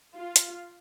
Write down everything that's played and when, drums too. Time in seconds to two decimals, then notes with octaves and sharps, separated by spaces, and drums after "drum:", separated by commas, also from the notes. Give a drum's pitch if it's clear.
0.14 F4
0.36 drum: hi-hat